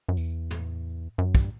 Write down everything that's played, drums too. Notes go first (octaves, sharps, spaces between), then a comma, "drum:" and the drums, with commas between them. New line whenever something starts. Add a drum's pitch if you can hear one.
F#2
E2, drum: tambourine
drum: tom
F#2
G2, drum: kick